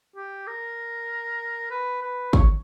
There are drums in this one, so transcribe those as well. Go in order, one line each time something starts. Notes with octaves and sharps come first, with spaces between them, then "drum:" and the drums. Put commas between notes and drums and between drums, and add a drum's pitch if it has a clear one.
G4
A#4
B4
B4
C#5, drum: kick